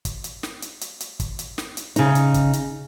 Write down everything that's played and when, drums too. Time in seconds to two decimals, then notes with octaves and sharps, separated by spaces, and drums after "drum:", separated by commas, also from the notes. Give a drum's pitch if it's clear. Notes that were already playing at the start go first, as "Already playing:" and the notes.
0.05 drum: kick, hi-hat
0.24 drum: hi-hat
0.43 drum: snare
0.62 drum: hi-hat
0.81 drum: hi-hat
1.00 drum: hi-hat
1.20 drum: kick, hi-hat
1.39 drum: hi-hat
1.58 drum: snare
1.77 drum: hi-hat
1.96 C#3 D#4, drum: hi-hat
2.15 drum: hi-hat
2.34 drum: kick, hi-hat
2.53 drum: hi-hat